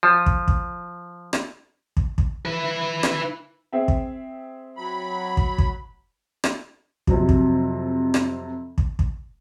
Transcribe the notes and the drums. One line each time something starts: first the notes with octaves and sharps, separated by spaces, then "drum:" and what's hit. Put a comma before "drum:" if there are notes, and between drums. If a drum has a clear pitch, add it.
F3
drum: kick
drum: kick
drum: rim click
drum: kick
drum: kick
E4 B4
drum: rim click
C4 G#4 E5
drum: kick
F#3 B5
drum: kick
drum: kick
drum: rim click
F2 C3 F#3, drum: kick
drum: kick
drum: rim click
drum: kick
drum: kick